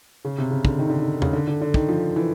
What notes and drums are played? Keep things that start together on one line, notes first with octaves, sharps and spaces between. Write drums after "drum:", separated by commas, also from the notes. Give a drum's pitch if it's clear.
C#3
C3
C#3
D3, drum: kick
D#3
D3
D#3
C#3, drum: tom
D3
D3
D3
D#3, drum: kick
F3
E3